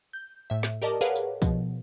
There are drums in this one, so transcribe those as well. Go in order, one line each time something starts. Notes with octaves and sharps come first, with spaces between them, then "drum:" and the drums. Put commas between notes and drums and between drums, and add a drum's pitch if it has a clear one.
G6
A2 E5
drum: snare
G4 A#4 D5 D#5 A5 D6
G#4 A#4 B4 C#5 F5 F#5
drum: tambourine
B2 F3, drum: kick, tambourine